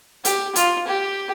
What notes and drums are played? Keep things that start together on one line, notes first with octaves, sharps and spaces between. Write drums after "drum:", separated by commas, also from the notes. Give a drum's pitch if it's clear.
G4, drum: hi-hat
F4, drum: hi-hat
G4